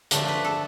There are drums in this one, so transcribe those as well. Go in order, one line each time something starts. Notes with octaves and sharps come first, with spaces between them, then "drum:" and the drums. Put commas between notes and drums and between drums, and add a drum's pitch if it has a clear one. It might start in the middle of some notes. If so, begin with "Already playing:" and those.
D3 F3 A3 D4, drum: hi-hat
B4
A4